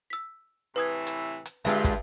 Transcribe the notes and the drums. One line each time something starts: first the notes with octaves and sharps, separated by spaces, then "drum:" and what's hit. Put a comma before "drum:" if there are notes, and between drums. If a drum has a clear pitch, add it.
E6 B6
A2 C3 E3 B4 D#6 G#6
drum: hi-hat
drum: hi-hat
G2 D3 G#3 F4 E5 A5 E6
drum: kick, hi-hat